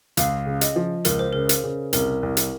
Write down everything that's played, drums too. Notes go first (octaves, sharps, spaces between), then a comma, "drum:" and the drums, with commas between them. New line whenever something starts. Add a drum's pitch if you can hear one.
C#2 F5, drum: hi-hat
C#3
D#5, drum: hi-hat
F3
C#2 A#4, drum: hi-hat
C5
C#3 A#4
drum: hi-hat
C#3
C2 A#4, drum: hi-hat
C2
drum: hi-hat